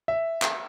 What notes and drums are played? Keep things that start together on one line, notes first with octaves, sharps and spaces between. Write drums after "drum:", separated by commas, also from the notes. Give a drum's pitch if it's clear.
E5
drum: clap